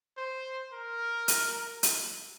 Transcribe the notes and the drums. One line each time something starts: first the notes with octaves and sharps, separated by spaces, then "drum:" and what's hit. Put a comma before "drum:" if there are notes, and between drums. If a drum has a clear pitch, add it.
C5
A#4
drum: hi-hat
drum: hi-hat